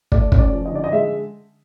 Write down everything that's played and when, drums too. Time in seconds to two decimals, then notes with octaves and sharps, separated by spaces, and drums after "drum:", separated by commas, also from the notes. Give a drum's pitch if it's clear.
0.12 A3 D5, drum: kick
0.32 C#4, drum: kick
0.38 D5
0.53 F3
0.65 D#5
0.72 D3 D5
0.84 D#5
0.92 G#3 E5